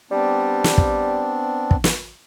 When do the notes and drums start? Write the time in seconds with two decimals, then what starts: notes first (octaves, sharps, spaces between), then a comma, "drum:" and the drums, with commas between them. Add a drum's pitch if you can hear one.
0.11 G3 B3 C4 D4
0.64 drum: snare
0.78 drum: kick
1.71 drum: kick
1.84 drum: snare